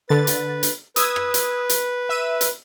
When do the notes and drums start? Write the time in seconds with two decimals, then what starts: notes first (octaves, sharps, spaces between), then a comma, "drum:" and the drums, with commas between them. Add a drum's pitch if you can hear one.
0.09 D3 B4 A6
0.27 drum: hi-hat
0.63 drum: hi-hat
0.96 B4 D#6 E6 G#6, drum: hi-hat
1.16 drum: rim click
1.34 drum: hi-hat
1.69 drum: hi-hat
2.09 E5 E6 D#7
2.41 drum: hi-hat